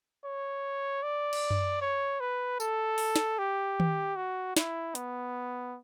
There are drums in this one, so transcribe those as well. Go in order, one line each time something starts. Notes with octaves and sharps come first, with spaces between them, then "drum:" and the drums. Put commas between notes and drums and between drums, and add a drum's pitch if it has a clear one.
C#5
D5
drum: cymbal
drum: tom F#2
C#5
B4
A4, drum: tambourine
drum: open hi-hat
drum: snare
G4
drum: tom D#3
F#4
E4, drum: snare
B3, drum: hi-hat